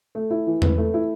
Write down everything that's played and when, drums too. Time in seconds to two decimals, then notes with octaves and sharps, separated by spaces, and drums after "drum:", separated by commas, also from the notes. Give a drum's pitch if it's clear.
0.15 A3
0.30 E4
0.47 E3
0.62 B4, drum: tom E2
0.77 A3
0.94 E4